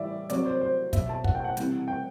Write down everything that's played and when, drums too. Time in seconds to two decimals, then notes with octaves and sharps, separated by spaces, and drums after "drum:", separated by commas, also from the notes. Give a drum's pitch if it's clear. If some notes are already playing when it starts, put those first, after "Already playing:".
Already playing: A2 E3 G3 D5 E5
0.30 C3 F#3 D5, drum: hi-hat
0.45 C5
0.61 C5
0.93 B2 F#3 E5, drum: kick, hi-hat
1.09 A5
1.24 F#5, drum: kick
1.35 G5
1.44 F#5
1.57 C3 E3 G3, drum: hi-hat
1.88 G5